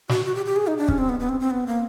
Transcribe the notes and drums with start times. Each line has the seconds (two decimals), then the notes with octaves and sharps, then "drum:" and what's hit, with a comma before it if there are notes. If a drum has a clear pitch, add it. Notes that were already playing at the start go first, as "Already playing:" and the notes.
0.09 F#4, drum: snare
0.25 F#4
0.35 G4
0.46 G4
0.56 G#4
0.67 D#4
0.78 D4
0.88 C#4, drum: kick
0.98 C4
1.09 B3
1.20 B3
1.29 C4
1.40 C4
1.51 B3
1.67 A#3